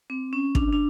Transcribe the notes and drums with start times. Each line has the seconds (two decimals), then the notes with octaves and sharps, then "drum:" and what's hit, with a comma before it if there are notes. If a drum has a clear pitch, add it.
0.10 C4
0.33 C#4
0.55 D4, drum: kick
0.72 D4